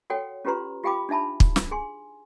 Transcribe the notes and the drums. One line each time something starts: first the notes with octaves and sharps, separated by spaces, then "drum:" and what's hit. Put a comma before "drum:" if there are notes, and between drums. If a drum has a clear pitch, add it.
F#4 A4 C#5 F#5 G5
C#4 F4 G4 B4 A#5 C6
F4 G4 F5 G5 B5 D6
D4 D#4 E5 A5 B5
drum: kick
drum: snare
G#4 G#5 C6